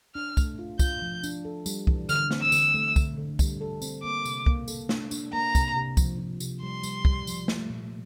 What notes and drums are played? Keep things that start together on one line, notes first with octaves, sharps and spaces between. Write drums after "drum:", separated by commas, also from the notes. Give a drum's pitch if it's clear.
D4 F6
A3, drum: kick, tambourine
F4
F4 G6, drum: kick, tambourine
F3
D4, drum: tambourine
A4
G3, drum: tambourine
E3, drum: kick
D3 F6, drum: tambourine
C4, drum: snare
E6
D3, drum: tambourine
A3
D3, drum: kick, tambourine
D3
G3, drum: kick, tambourine
A4
C4, drum: tambourine
A#3 D6
C3, drum: tambourine
A#3, drum: kick
A4, drum: tambourine
D4, drum: snare
D4, drum: tambourine
A#3 A#5
C3, drum: kick, tambourine
C3
F3, drum: kick, tambourine
F3
C3, drum: tambourine
G3 C6
G3, drum: tambourine
G3, drum: kick
F3, drum: tambourine
A3, drum: snare
A#2